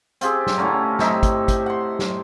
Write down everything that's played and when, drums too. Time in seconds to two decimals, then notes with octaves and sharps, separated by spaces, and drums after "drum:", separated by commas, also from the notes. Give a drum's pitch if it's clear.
0.21 C4 F4 G4 G#4, drum: hi-hat
0.47 drum: snare
0.58 A2 D3 C#4 A#5
0.99 C3 D#4 E5, drum: snare
1.23 drum: kick, hi-hat
1.48 drum: kick, hi-hat
1.66 F#5 C6
1.99 drum: snare